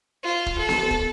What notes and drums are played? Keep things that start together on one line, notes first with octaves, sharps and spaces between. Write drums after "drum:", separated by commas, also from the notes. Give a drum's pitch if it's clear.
F4
drum: kick
A4
drum: snare B3
drum: kick